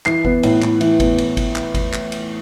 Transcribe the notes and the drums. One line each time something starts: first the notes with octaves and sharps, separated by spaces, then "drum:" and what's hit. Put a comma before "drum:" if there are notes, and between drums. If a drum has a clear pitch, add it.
E3 C7, drum: clap
B3, drum: kick G1
A2, drum: cymbal
A2, drum: clap
E3, drum: cymbal
B3, drum: kick G1, cymbal
drum: cymbal
drum: kick G1, cymbal
drum: clap
drum: kick G1, cymbal
drum: clap
drum: cymbal